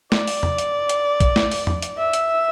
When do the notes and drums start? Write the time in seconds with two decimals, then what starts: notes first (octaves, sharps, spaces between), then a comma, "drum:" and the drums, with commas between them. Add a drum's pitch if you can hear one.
0.12 D5, drum: snare
0.27 drum: open hi-hat
0.43 drum: tom E2
0.58 drum: hi-hat
0.89 drum: hi-hat
1.20 drum: kick, hi-hat
1.36 drum: snare
1.51 drum: open hi-hat
1.67 drum: tom E2
1.82 drum: hi-hat
1.97 E5
2.13 drum: hi-hat